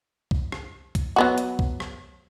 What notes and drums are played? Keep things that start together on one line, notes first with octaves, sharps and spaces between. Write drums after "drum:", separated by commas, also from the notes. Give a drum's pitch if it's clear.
drum: kick C2
drum: rim click
drum: kick C2, hi-hat
F#3 B3 F#4
drum: hi-hat
drum: kick C2
drum: rim click